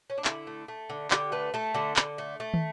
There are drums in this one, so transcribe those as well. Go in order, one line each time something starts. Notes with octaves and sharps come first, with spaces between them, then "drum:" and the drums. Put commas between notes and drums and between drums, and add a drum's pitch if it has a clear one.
C#4
D4
D3 E4, drum: clap
A3
A3
D3
D3 G4, drum: clap
A3 B4
A3 A4
D3 A4
D3, drum: clap
A3
A3
drum: tom